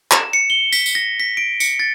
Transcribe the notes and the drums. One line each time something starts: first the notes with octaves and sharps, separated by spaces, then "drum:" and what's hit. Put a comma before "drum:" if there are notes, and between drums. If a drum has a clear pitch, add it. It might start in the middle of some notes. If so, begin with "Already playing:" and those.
E7, drum: clap
C#7
G7
B6, drum: tambourine
drum: tambourine
A#6
B6
D7
C#7, drum: tambourine
A6